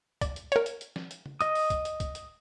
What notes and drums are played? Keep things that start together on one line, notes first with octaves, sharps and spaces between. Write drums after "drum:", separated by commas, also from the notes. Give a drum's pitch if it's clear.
D5, drum: kick, hi-hat
drum: hi-hat
A#4 C#5, drum: hi-hat
drum: hi-hat
drum: hi-hat
drum: snare
drum: hi-hat
drum: tom C#3
D#5 D#6, drum: hi-hat
drum: open hi-hat
drum: kick, hi-hat
drum: hi-hat
drum: kick, hi-hat
drum: hi-hat